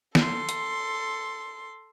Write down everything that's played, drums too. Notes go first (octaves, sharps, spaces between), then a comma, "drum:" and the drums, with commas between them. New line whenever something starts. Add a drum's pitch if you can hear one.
A4 C6, drum: snare
drum: hi-hat